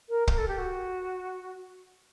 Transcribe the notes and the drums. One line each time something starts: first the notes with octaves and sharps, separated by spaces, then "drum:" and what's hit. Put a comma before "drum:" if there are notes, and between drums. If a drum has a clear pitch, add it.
A#4
A#4, drum: kick
A4
G4
F#4